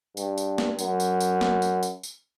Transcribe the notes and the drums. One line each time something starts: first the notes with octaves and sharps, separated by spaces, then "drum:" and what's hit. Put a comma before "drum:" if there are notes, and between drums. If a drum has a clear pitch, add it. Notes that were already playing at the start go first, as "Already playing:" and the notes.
G2, drum: tambourine
drum: tambourine
drum: snare
F#2, drum: tambourine
drum: tambourine
drum: tambourine
drum: snare
drum: tambourine
drum: tambourine
drum: tambourine